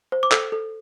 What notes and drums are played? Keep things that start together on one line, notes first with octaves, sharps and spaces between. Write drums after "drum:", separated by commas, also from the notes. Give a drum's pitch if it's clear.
C5
D6
A4 E6, drum: clap
A4